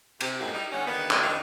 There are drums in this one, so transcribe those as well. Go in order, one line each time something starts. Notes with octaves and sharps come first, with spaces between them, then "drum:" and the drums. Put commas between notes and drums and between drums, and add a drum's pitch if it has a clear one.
C3, drum: cymbal
F#2 A2 F#3 G#3 A#3 C4
G3 D#4
D3 E3 G3 B3 C#4
D3 D#3 G3 A#3 B3
drum: clap
F2 D#3 F3 C4 D4 D#4